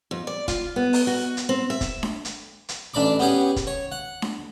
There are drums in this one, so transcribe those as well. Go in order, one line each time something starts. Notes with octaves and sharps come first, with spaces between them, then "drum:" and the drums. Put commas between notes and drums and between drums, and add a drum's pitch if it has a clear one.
F2
D5
F4, drum: kick, hi-hat
B3
drum: open hi-hat
F#4
drum: hi-hat
C4
E5
drum: kick, hi-hat
drum: snare D4
drum: hi-hat
drum: hi-hat
A1 D4 D5 B5 D6
B3 C#4 G4 G#4 F#5
drum: kick, hi-hat
C#5
F#5
drum: snare D4